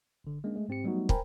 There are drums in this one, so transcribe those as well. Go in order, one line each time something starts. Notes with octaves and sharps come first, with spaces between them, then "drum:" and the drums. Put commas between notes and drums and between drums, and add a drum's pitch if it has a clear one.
G1 D3
G#3 A#3 C#4 D4
G#3 A3
G#2 C4 G4 C#7
F#3 G3 A3 B3 D#4 F#4
A#4 C5 G5 G#5 A#5 B5, drum: kick